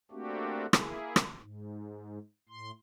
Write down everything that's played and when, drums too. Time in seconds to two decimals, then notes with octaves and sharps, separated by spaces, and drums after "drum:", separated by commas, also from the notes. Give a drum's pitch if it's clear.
0.11 A3 A#3 C4 D4 F#4 G4
0.73 A#3 E4 G#4, drum: rim click
1.16 drum: rim click
1.40 G#2
2.49 A2 C6